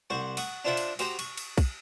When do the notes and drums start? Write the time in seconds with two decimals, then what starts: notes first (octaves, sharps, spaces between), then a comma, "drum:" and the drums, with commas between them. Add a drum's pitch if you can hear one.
0.10 C2 C5 F#5 C#6
0.37 F#5 C#6 D#6, drum: cymbal
0.65 D4 F4 C5 E5 F#5 D6
0.77 drum: cymbal
0.99 F#4 G4 C5 G5 A#5, drum: cymbal
1.19 C#6, drum: cymbal
1.37 drum: cymbal
1.58 drum: kick, cymbal